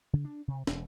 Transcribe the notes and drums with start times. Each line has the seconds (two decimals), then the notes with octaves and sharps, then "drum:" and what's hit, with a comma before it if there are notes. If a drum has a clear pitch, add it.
0.13 C#3
0.25 D4
0.48 C3
0.67 E1, drum: snare